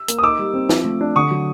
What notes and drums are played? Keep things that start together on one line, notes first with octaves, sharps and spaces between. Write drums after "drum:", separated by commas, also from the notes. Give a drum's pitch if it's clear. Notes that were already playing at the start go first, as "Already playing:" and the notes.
Already playing: E6
A#3, drum: hi-hat
D#6
D#4 D6 E6
G3
C4
F3, drum: snare
A3
D4
D3 C#6 D#6
F#3